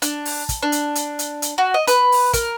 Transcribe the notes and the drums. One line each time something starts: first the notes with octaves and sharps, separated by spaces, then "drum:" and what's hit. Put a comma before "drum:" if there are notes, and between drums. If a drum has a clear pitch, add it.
D4, drum: hi-hat
drum: open hi-hat
drum: kick, hi-hat
D4
drum: hi-hat
drum: hi-hat
drum: hi-hat
drum: hi-hat
F#4
D#5
B4, drum: hi-hat
drum: open hi-hat
A#4, drum: kick, hi-hat